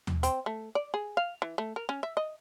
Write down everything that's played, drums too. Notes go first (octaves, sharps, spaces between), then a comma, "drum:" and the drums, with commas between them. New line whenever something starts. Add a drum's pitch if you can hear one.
drum: tom D#2
C4, drum: hi-hat
A3
D5
G#4
F5
E3
A3
A#4
C#4
E5
D#5